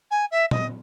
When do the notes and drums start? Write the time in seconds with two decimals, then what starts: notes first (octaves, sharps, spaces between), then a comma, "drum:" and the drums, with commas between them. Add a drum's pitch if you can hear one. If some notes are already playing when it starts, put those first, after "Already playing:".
0.11 G#5
0.31 E5
0.51 D#5, drum: tom A#2